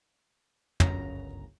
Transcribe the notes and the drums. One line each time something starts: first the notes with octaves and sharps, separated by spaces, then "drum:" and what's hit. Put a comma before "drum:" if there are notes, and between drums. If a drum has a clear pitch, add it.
G1 C#2 F#2 C#3 F#3 A#5, drum: tom